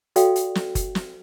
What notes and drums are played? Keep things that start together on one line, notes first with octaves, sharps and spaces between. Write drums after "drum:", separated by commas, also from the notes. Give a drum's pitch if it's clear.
F#4 A4 D5 F5 G5, drum: hi-hat
drum: hi-hat
drum: snare
drum: kick F#1, hi-hat
drum: snare